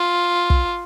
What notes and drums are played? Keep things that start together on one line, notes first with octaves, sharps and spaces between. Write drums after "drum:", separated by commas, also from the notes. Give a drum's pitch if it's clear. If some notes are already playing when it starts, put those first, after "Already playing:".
Already playing: F4
drum: kick